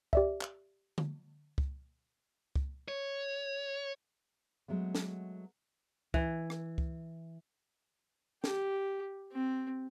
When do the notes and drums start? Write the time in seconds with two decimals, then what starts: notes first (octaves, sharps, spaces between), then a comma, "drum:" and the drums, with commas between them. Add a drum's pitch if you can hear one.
0.13 G4 D5 E5, drum: kick C#2
0.41 drum: clap
0.98 drum: tom D3
1.58 drum: kick C#2
2.56 drum: kick C#2
2.88 C#5
4.68 F#3 G#3 A3 B3
4.95 drum: snare
6.14 E3, drum: kick C#2
6.50 drum: rim click
6.78 drum: kick C#2
8.44 G4, drum: snare
9.32 C4